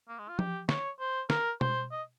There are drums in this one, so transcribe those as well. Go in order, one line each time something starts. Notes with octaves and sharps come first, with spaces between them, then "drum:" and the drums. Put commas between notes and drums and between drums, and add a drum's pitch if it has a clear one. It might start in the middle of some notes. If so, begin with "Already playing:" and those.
A#3
G#3
F4
G4, drum: tom F3
C#5, drum: snare
C5
A#4, drum: snare
C5, drum: tom B2
D#5